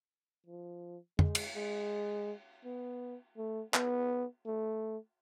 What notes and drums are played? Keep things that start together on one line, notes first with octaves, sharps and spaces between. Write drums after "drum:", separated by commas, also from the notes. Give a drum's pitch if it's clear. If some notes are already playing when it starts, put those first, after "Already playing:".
F3
G#3, drum: tom F2
drum: cymbal
G#3
B3
A3
B3, drum: clap
A3